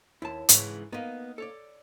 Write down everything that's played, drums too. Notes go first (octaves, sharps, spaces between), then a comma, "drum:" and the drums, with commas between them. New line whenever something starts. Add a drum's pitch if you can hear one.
D#2 E4 A5
G#2 C#3 E3, drum: hi-hat
A#3 B3 D#4
A4 C#5 D5